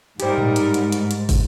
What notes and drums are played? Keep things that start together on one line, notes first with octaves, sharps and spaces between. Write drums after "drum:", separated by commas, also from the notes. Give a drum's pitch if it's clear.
G#2 G3 D#4 G4 A#4 C5, drum: hi-hat
drum: tom A2
drum: hi-hat
drum: hi-hat
drum: hi-hat
drum: hi-hat
drum: kick, open hi-hat